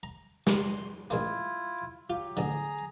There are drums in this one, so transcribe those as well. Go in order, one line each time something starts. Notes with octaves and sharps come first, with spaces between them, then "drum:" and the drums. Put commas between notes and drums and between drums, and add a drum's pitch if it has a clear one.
A#5
C3 C6, drum: snare
A1 G#3 A#3 E4 F4
F#3 F4 G4
A1 D3 G#4 A#5